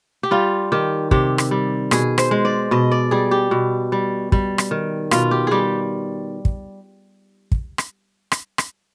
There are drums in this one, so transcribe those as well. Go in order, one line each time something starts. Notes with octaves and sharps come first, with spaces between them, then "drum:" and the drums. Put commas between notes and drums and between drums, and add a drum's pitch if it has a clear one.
G4
G3 F4
D#3 G4
C3 G4, drum: kick
drum: rim click
G3
B2 G#4, drum: rim click
C5, drum: rim click
G#3
D5
B2 D#5
D5
G3 G#4
G4
B2
G3
G3, drum: kick
drum: rim click
D#3
B2 F4, drum: rim click
G4
G3 G4 G#4
drum: kick
drum: kick
drum: rim click
drum: rim click
drum: rim click